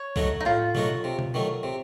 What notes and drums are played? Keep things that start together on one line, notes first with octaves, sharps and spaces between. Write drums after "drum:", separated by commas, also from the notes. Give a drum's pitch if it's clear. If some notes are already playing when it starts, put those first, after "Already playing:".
Already playing: C#5
F#3 A3 D#4 F#4, drum: kick C2
D#4
A2 F4
F#3 A3 D#4 F#4, drum: tom B2
C3
drum: tom B2
D#3 F#3 A3
C3